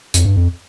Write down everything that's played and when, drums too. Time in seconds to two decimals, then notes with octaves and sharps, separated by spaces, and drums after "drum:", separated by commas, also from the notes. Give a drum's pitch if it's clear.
0.14 F2, drum: hi-hat
0.25 G2
0.36 F2